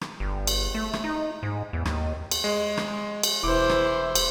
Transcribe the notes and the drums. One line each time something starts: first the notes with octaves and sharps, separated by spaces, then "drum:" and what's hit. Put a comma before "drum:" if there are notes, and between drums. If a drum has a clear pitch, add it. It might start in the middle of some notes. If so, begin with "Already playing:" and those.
drum: rim click
G1
drum: cymbal
A3
drum: rim click
D#4
G#2
E2
D#2, drum: rim click
drum: cymbal
G#3
drum: rim click
drum: cymbal
E1 E3 E4 C5 D6
drum: rim click
drum: cymbal